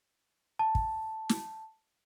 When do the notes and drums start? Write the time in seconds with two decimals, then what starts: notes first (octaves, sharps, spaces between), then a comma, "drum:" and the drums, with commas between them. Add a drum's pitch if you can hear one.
0.59 A5
0.75 drum: kick
1.29 drum: snare